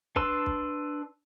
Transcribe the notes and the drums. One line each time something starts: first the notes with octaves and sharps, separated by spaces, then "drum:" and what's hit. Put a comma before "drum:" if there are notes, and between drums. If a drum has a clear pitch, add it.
D4 B4 A5 C6 E6, drum: kick
drum: kick